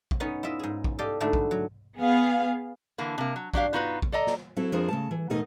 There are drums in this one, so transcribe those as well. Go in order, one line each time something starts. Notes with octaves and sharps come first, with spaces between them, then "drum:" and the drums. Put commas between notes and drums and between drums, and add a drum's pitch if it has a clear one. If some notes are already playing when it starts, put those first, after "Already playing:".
drum: kick
B3 C#4 D#4
E4 F4 D#5 E5
G#2 G#4
drum: kick
G4 A4 D5 D#5 F5
G#2 D3 A3 D4 E4 F#4
drum: kick
F#3
B3 G#4 F5
D3 E3 A#3
C3 A#3
F#3
F#3 D4 G4 F5, drum: kick
B3 D#4 F4 F#4 A#4 B4
drum: kick
A4 D5 D#5 A#5
drum: snare
F#3 C4 E4 A4
F2 F3 D4 G#4 A#4 C5
C#3 A3 A5
E3
E2 B2 A3 D#4 A#4 D#5